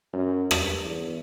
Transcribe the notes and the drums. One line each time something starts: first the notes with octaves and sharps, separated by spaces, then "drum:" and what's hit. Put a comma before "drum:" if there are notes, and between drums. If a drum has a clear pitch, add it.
F#2
G2, drum: rim click
E2